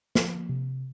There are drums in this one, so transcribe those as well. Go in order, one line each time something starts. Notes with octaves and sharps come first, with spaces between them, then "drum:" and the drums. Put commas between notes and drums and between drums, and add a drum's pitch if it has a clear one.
F3 A#3, drum: snare
C3